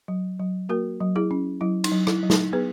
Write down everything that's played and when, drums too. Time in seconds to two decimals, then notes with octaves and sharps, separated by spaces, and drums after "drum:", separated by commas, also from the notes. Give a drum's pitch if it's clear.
0.08 F#3
0.40 F#3
0.69 A#3 F#4 A#4
1.00 F#3
1.16 E4 G#4
1.31 C#4
1.61 F#3 E4
1.84 D#4, drum: cymbal
1.92 F#3
2.07 E4, drum: rim click
2.23 F#3
2.30 D#4, drum: snare
2.53 B3 G#4 B4